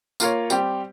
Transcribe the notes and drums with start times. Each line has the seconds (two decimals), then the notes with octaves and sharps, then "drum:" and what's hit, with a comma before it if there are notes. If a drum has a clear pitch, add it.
0.20 A#3 F4 A#4 C#5, drum: tambourine
0.50 G3 C4 G4, drum: tambourine